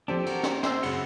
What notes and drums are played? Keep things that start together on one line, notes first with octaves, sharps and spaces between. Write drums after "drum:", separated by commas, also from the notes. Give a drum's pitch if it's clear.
F3 C4 D4 G4 A4 C5
F#4 A#4, drum: cymbal
drum: snare
C4 C5 E6, drum: snare
F#2 C#3 F#5 B5, drum: cymbal